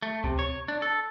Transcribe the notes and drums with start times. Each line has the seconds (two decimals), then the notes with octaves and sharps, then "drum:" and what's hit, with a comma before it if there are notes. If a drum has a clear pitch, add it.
0.03 A3
0.24 C3, drum: kick C#2
0.39 C#5
0.68 D4
0.82 A4